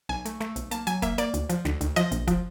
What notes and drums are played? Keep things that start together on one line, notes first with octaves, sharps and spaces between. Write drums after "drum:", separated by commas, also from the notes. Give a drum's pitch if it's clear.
B1 G#5
A3, drum: hi-hat
A3, drum: snare
B1, drum: hi-hat
A#3 A5, drum: hi-hat
F#3 G#5, drum: hi-hat
A#3 E5, drum: kick, hi-hat
A#3 D5, drum: hi-hat
D2, drum: hi-hat
F3, drum: hi-hat
D2, drum: snare
D2, drum: hi-hat
F3 D#5, drum: hi-hat
A#1, drum: hi-hat
F3, drum: kick, hi-hat